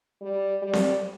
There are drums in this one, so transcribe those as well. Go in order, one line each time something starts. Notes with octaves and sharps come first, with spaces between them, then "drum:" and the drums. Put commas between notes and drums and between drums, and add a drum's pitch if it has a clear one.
G3
G3
drum: snare C4